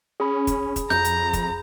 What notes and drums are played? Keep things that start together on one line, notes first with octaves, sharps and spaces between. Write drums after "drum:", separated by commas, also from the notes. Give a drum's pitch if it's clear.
C#4 G#4 B5
drum: kick, hi-hat
drum: kick, hi-hat
F2 A#5 G6, drum: snare
drum: hi-hat
drum: kick, hi-hat